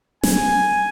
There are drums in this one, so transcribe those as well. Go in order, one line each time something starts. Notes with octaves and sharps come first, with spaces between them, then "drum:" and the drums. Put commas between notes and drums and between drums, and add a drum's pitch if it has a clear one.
G#5, drum: snare